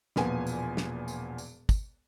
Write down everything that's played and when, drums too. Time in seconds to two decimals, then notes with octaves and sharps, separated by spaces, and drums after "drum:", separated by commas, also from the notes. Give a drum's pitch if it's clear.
0.16 E1 A#2 F3 B3 G#5, drum: snare
0.47 drum: tambourine
0.77 drum: snare
1.08 drum: tambourine
1.38 drum: tambourine
1.69 drum: kick, tambourine